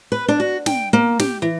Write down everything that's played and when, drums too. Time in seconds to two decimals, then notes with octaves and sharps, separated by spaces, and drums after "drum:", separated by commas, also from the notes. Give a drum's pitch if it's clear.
0.12 B4
0.28 D4
0.40 F#4
0.66 G5, drum: snare
0.93 A#3
1.19 G4, drum: snare
1.42 E3